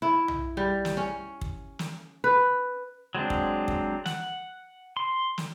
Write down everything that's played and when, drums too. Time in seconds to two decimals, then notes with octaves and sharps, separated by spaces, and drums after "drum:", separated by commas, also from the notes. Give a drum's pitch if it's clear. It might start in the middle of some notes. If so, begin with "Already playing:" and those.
0.02 E4
0.28 drum: tom
0.57 G3
0.85 drum: snare
0.97 C#4
1.41 drum: kick
1.79 drum: snare
2.24 B4
3.15 F#3 G#3 C4 D4
3.30 drum: kick
3.68 drum: kick
4.06 F#5, drum: snare
4.97 C6
5.38 drum: snare